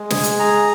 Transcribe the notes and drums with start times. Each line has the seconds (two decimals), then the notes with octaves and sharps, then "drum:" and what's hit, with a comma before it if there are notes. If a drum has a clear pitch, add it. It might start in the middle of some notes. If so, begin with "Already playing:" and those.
Already playing: G#3
0.10 G#4, drum: snare
0.23 drum: hi-hat
0.39 G#4 A#5